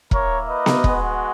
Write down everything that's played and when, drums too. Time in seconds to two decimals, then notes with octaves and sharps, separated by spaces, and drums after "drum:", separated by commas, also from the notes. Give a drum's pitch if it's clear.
0.11 A#3 E4 A#4 C#5, drum: kick E1
0.47 B4 D#5
0.66 drum: snare B3
0.84 G#3 B3 F#4, drum: kick E1